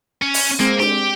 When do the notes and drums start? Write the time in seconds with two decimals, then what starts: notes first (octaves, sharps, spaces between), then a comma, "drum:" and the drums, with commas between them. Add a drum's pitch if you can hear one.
0.22 C#4
0.34 drum: open hi-hat
0.60 G#3 A#3 C4
0.80 G4, drum: snare D4